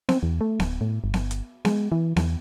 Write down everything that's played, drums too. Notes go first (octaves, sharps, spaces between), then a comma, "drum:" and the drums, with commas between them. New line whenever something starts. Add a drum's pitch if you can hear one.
C4, drum: snare B3
E2
A3
D1, drum: snare B3
A2
G1
drum: snare B3
drum: hi-hat
G#3, drum: snare B3
E3
E2, drum: snare B3